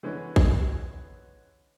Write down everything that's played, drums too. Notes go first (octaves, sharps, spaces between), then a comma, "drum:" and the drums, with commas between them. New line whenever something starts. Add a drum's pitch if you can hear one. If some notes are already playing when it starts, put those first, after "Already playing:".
D3 E3 G#3 B3 C#4
drum: kick